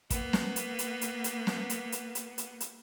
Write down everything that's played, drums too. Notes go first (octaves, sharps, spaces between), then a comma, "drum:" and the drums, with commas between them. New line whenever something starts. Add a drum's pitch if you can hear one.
A#3 B3, drum: kick, hi-hat
drum: snare
drum: hi-hat
drum: hi-hat
drum: hi-hat
drum: hi-hat
drum: snare
drum: hi-hat
drum: hi-hat
drum: hi-hat
drum: hi-hat
drum: hi-hat